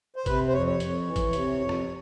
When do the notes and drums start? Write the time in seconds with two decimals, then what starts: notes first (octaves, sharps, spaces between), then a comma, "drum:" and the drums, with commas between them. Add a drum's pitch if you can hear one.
0.16 C5
0.26 C3 B4, drum: kick, hi-hat
0.48 C5
0.53 F2 C#5
0.66 C#5
0.80 F2, drum: hi-hat
1.07 E3
1.16 drum: kick, hi-hat
1.33 C3, drum: hi-hat
1.60 F2
1.69 drum: rim click